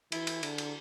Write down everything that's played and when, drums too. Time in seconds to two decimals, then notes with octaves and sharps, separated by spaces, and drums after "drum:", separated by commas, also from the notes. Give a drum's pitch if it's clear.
0.12 E3 E4, drum: cymbal
0.27 drum: cymbal
0.43 D3, drum: cymbal
0.58 drum: cymbal